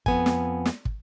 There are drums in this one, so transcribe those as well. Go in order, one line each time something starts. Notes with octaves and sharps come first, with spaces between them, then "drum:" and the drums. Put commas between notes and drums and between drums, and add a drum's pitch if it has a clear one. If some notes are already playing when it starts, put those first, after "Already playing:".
F2 B3 G#5, drum: kick
drum: snare
drum: snare
drum: kick